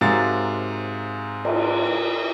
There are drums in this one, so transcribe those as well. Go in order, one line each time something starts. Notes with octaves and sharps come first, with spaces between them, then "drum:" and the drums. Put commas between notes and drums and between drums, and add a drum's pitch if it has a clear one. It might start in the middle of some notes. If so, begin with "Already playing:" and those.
G#2 C3 F#3 A#4 F5 A6
drum: cymbal